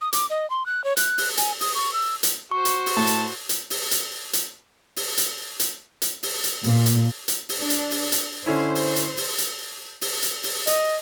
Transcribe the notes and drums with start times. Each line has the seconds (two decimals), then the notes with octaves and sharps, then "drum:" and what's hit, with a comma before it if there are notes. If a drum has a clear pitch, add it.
0.01 D#6
0.13 D6, drum: hi-hat
0.30 D#5
0.50 C6
0.66 F#6
0.84 C#5
0.97 F#6, drum: hi-hat
1.18 drum: open hi-hat
1.37 G#5, drum: hi-hat
1.60 D#6, drum: open hi-hat
1.75 C#6
1.93 E6
2.23 drum: hi-hat
2.51 F#4 C5 C#6
2.65 drum: hi-hat
2.86 drum: open hi-hat
2.97 A2 A5
3.07 drum: hi-hat
3.49 drum: hi-hat
3.70 drum: open hi-hat
3.91 drum: hi-hat
4.33 drum: hi-hat
4.96 drum: open hi-hat
5.17 drum: hi-hat
5.60 drum: hi-hat
6.02 drum: hi-hat
6.23 drum: open hi-hat
6.44 drum: hi-hat
6.64 A#2, drum: open hi-hat
6.86 drum: hi-hat
7.28 drum: hi-hat
7.49 drum: open hi-hat
7.59 D4
7.70 drum: hi-hat
7.91 drum: open hi-hat
8.12 drum: hi-hat
8.46 D3 C#4 E4 C5
8.75 drum: open hi-hat
8.96 drum: hi-hat
9.17 drum: open hi-hat
9.38 drum: hi-hat
10.01 drum: open hi-hat
10.22 drum: hi-hat
10.43 drum: open hi-hat
10.67 D#5, drum: hi-hat